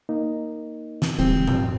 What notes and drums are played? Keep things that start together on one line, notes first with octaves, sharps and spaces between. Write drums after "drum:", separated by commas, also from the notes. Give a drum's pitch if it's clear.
A#3 D#4
drum: snare
D#1 E3 G3 G#3 C4
F2 G#2 F3, drum: tom A#2